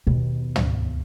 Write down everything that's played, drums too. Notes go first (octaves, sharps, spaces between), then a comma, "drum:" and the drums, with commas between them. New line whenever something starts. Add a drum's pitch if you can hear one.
D#2 B2
drum: tom